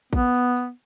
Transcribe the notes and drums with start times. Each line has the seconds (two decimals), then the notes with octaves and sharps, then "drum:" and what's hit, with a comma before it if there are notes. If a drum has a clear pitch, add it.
0.13 B3, drum: kick A1, tambourine
0.35 drum: tambourine
0.57 drum: tambourine